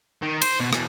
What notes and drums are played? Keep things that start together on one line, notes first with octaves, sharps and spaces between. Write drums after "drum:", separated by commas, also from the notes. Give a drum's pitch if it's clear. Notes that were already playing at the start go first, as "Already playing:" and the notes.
D#3
C5, drum: cymbal
B2
B2 E3, drum: rim click